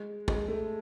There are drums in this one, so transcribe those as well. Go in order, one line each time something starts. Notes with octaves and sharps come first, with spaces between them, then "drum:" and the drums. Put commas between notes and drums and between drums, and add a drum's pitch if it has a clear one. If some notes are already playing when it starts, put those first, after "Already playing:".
Already playing: G#3
G#3, drum: kick
A3